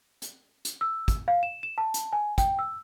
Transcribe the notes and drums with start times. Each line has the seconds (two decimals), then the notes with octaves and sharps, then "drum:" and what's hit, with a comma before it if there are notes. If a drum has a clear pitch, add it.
0.22 drum: hi-hat
0.65 drum: hi-hat
0.81 E6
1.08 drum: kick, hi-hat
1.28 F5
1.43 E7
1.63 E7
1.78 A5
1.94 drum: hi-hat
2.13 G#5
2.38 G5, drum: kick, hi-hat
2.59 E6